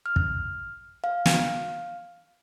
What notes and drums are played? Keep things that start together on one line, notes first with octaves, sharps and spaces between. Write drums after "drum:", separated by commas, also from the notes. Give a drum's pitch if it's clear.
F6
drum: kick
F5
drum: snare